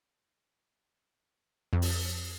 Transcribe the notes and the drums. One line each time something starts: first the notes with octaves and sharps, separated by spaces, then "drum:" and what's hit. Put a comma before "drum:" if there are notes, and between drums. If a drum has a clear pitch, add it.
F2
drum: open hi-hat